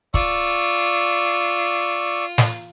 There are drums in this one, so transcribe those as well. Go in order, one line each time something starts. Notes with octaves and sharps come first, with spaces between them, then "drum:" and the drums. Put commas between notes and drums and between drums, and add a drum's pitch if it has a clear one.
F4 D5 C#6 E6, drum: kick
drum: snare